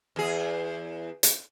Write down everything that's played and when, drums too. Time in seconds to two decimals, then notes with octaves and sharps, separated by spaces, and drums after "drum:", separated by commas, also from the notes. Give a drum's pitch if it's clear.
0.16 E2 G#4
1.23 drum: hi-hat